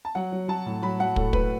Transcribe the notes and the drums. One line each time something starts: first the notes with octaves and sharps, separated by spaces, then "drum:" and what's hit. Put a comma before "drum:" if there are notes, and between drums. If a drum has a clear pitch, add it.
A5
F#3 F#5
F#3
F#3 A5
A2
F#3 B5
F#3 F#5
A2 A4, drum: kick
A2 B4, drum: kick